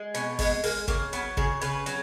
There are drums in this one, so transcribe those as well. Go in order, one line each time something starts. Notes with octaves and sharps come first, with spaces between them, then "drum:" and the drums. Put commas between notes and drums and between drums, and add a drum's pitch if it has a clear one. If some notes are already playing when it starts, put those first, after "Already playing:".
Already playing: G#3
B2 C#4, drum: hi-hat
G#3 B3, drum: kick G1, open hi-hat
G#3 A#3, drum: open hi-hat
C#3 A#3, drum: kick G1, hi-hat
F#3 B3, drum: hi-hat
C#3 G#4, drum: kick G1
C#3 B4, drum: hi-hat
F#3, drum: hi-hat